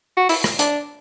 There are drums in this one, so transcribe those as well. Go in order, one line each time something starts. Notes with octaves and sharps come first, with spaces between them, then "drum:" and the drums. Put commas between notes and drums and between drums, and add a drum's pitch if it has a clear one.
F#4
E4, drum: open hi-hat
drum: rim click
D4, drum: hi-hat